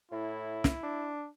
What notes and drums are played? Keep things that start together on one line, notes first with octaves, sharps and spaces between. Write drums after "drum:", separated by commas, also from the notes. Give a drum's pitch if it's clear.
A2 E4
drum: snare
D4